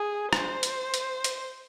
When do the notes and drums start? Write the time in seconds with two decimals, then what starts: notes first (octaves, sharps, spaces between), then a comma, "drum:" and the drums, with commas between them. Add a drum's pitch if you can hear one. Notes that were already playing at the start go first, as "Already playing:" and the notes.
Already playing: G#4
0.33 C5, drum: rim click
0.63 drum: hi-hat
0.94 drum: hi-hat
1.24 drum: hi-hat